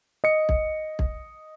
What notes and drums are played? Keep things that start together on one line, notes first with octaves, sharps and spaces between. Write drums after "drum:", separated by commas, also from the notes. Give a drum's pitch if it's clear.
D#5 C#7
drum: kick
drum: kick